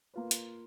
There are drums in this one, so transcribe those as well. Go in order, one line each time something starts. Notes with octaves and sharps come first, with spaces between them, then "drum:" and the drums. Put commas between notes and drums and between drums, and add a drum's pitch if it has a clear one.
A#3 F4 B4
drum: hi-hat